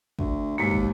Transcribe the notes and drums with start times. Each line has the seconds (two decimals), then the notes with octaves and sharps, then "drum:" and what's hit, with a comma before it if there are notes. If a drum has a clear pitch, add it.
0.19 D2, drum: kick
0.58 D#2 G#2 B2 G#3 A#3
0.71 drum: kick